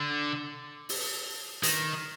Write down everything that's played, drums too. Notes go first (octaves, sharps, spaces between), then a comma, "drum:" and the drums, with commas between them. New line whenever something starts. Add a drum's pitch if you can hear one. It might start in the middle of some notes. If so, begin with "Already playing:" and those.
Already playing: D3
drum: open hi-hat
D#3, drum: hi-hat